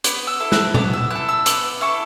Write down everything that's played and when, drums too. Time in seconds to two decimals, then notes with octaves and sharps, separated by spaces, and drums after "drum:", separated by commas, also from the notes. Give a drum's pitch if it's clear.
0.04 B3 D6, drum: hi-hat
0.27 E6
0.40 E4 A4
0.52 F#6, drum: snare
0.74 B3 D6, drum: tom A#2
0.93 E6
1.10 E4 A4 F#6
1.29 E6
1.46 B3 D6, drum: hi-hat
1.81 E4 A4 C#6